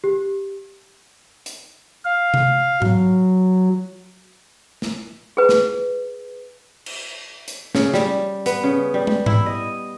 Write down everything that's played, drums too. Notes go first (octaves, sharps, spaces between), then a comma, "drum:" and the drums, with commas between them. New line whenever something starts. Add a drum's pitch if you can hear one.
G4
drum: hi-hat
F5
drum: tom C3
F#3, drum: tom G#2
drum: snare
G#4 B4
drum: snare
drum: cymbal
drum: hi-hat
C#3, drum: snare
G3, drum: snare
B3, drum: hi-hat
C#3
G3
drum: tom
E4, drum: tom G#2
D#5